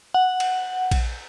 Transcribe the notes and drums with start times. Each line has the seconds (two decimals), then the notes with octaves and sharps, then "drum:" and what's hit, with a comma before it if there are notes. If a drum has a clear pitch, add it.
0.14 F#5
0.40 drum: cymbal
0.91 drum: kick A#1, cymbal